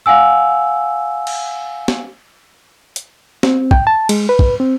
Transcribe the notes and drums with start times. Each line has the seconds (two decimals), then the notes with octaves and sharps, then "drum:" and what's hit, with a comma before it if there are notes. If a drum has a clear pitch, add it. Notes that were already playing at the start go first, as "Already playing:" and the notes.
0.06 F5 F#5 G#5 E6
1.27 drum: cymbal
1.88 drum: snare
2.96 drum: hi-hat
3.43 C4, drum: snare
3.71 G5, drum: kick
3.87 A5
4.09 G#3, drum: cymbal
4.29 B4
4.39 drum: kick
4.60 C4